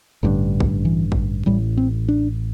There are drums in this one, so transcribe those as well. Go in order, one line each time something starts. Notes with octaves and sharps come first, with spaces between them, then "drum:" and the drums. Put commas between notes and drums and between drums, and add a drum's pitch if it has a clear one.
A1 G2 D3 E3
drum: kick A1
E3
drum: kick A1
A1 A2 G3
C4
D4